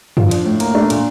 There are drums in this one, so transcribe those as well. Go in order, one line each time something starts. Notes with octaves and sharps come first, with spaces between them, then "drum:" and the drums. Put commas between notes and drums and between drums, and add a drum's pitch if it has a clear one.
F3 F4, drum: tom F#2
D4, drum: cymbal
A2
A#3, drum: cymbal
A3 D4
A#2, drum: cymbal